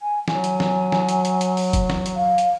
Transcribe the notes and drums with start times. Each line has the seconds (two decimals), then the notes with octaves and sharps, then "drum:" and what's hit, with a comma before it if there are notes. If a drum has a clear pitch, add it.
0.02 G#5
0.28 F#3 G#5, drum: snare
0.44 drum: hi-hat
0.60 drum: snare
0.92 drum: snare
1.09 drum: hi-hat
1.25 drum: hi-hat
1.41 drum: hi-hat
1.57 drum: open hi-hat
1.73 drum: kick, hi-hat
1.90 drum: snare
2.06 drum: hi-hat
2.16 F5
2.38 drum: hi-hat